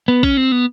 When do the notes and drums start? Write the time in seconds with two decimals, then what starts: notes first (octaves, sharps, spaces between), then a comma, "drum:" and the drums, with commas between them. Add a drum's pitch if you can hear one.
0.08 B3
0.23 C#4, drum: kick A#1
0.37 C4
0.52 B3